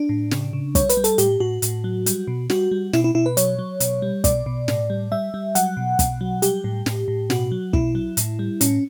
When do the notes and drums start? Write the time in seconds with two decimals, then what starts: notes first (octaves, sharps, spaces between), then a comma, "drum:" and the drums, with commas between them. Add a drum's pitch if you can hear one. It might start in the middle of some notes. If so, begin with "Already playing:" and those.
Already playing: D4
0.09 A2
0.31 C#3, drum: snare
0.53 C#3
0.75 G3 C#5, drum: kick, hi-hat
0.89 B4, drum: hi-hat
0.97 G3
1.04 A4, drum: hi-hat
1.18 A2 G4, drum: hi-hat
1.40 A2 F#4
1.62 A2, drum: hi-hat
1.84 F#3
2.06 G3, drum: hi-hat
2.28 B2
2.50 G3 F#4, drum: snare
2.71 G3
2.93 B2 E4, drum: snare
3.04 E4
3.15 B2 E4
3.26 B4
3.37 F#3 C#5, drum: hi-hat
3.59 F#3
3.80 B2, drum: hi-hat
4.02 G3
4.24 B2 D5, drum: kick, hi-hat
4.46 B2
4.68 A2, drum: snare
4.90 G3
5.12 G3 E5
5.34 G3
5.55 F#3 F#5, drum: hi-hat
5.77 B2
5.99 B2, drum: kick, hi-hat
6.21 F#3
6.42 G3 G4, drum: hi-hat
6.64 A2
6.86 A2, drum: snare
7.08 A2
7.30 B2 F#4, drum: snare
7.52 F#3
7.73 B2 E4, drum: kick
7.95 F#3
8.17 A2, drum: hi-hat
8.39 G3
8.61 A2 C#4, drum: hi-hat